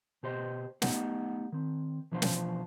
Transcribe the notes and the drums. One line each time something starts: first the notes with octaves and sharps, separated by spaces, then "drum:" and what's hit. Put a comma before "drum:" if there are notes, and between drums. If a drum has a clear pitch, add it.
B2 G4 C5 D#5
A3 B3 D#4 G4 D#5 F#5, drum: snare
D#3 C4
B2 E3 F3 D4 C5 F5
drum: snare